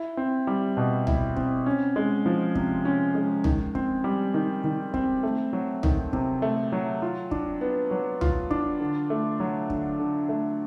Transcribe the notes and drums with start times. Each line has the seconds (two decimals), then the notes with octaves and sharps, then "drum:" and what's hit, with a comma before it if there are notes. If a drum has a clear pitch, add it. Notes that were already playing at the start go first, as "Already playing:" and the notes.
Already playing: E4
0.17 C4
0.47 G3
0.77 B2
1.07 E4, drum: tom B1
1.36 C4, drum: kick
1.66 C#4
1.96 G#3
2.26 F3
2.55 C3, drum: kick
2.85 C#4
3.15 G#3
3.44 D#3, drum: tom B1
3.75 C4, drum: kick
4.04 G3
4.34 D#3
4.64 D#3
4.94 C4, drum: kick
5.23 A3
5.53 F#3
5.83 D#3, drum: tom B1
6.13 C3, drum: kick
6.42 A3
6.72 F#3
7.02 F4
7.31 D4, drum: kick
7.61 B3
7.91 F#3
8.21 F4, drum: tom B1
8.51 D4, drum: kick
8.80 D3
9.10 A3
9.40 F#3
9.70 D3, drum: kick
9.99 D3
10.29 A3